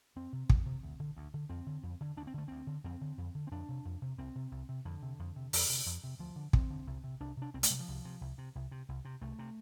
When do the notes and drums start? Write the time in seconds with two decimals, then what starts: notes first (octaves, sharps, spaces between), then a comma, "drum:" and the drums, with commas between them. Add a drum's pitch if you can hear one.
0.16 F2 C4
0.33 C3
0.50 F2, drum: kick
0.66 C3
0.83 D2
1.00 D3
1.17 D2
1.34 D3
1.49 F2 C4
1.66 D3
1.83 F2
2.01 D3
2.17 D2 D4
2.27 C4
2.34 D3 A3
2.48 D2 C4
2.67 D3
2.84 F2 C4
3.01 D3
3.18 F2
3.35 D3
3.47 C4
3.51 F2 D4
3.69 C3
3.85 F2
4.02 C3
4.18 C2 C4
4.35 C3
4.51 C2
4.69 C3
4.85 F2 D3
5.02 C3
5.19 F2
5.36 C3
5.53 F2, drum: open hi-hat
5.70 C3
5.86 F2
6.04 C3
6.19 D2 F3
6.36 D3
6.53 D2 C4, drum: kick
6.70 D3
6.87 C2
7.04 C3
7.20 C2 D4
7.37 C3 D4
7.54 C2 C4
7.63 A3, drum: hi-hat
7.70 C3 G3
7.79 F3
7.88 C2
8.05 C3
8.21 C2
8.38 C3
8.55 C2
8.72 C3
8.89 C2
9.05 C3
9.21 C2 A3
9.39 C3